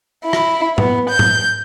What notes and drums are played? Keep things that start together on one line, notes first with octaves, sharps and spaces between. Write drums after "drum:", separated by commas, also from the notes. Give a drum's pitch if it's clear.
E4
drum: rim click
B3, drum: tom G#2
G6
drum: tom G#2